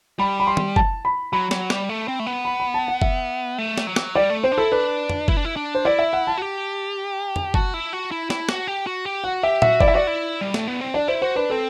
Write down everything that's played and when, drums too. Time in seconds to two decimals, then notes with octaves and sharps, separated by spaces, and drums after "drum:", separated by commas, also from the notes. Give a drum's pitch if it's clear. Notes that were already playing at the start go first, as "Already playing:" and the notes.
0.19 G3 B5
0.40 B5
0.47 C6
0.57 drum: tom
0.76 A5, drum: kick
1.05 B5
1.33 F#3 B5
1.51 F#3, drum: snare
1.70 G3, drum: snare
1.89 A3
2.08 C4
2.19 A3
2.26 B3
2.45 B5
2.60 B5
2.74 A5
2.88 F#5
3.02 E5, drum: kick
3.58 A3
3.78 drum: snare
3.87 F#3
3.96 drum: snare
4.15 G3 D5
4.30 A3
4.43 C4 C5
4.52 D4
4.58 E4 A4
4.72 D4 B4
5.10 drum: tom
5.28 E4, drum: kick
5.37 D4
5.45 E4
5.56 D4
5.75 C5
5.85 E4 D5
5.99 E5
6.13 F#5
6.27 A5
6.37 F#4
6.42 G4
7.36 drum: tom
7.54 F#4 A5, drum: kick
7.74 E4
7.93 F#4
8.11 E4
8.30 E4, drum: snare
8.49 F#4, drum: snare
8.68 G4
8.87 F#4
9.05 G4
9.24 F#4 F#5
9.43 G4 E5
9.62 F#4 E5, drum: tom A#2
9.81 E4 D5, drum: kick
9.88 E5
9.94 F#4 D5
10.07 E4
10.41 G3
10.54 A3, drum: snare
10.67 B3
10.81 C4
10.94 D4 D5
11.08 E4 C5
11.22 F#4 C5
11.36 D4 B4
11.50 C4 A4